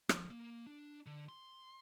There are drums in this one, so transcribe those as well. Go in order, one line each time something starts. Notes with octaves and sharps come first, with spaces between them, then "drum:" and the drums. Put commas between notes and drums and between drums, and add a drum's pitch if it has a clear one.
F3, drum: rim click
A#3
D4
D3
C6